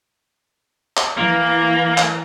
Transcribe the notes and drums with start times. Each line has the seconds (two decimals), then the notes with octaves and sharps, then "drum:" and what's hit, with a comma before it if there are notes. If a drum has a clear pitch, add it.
0.97 drum: clap
1.17 E3 A#3 A#5
1.98 drum: clap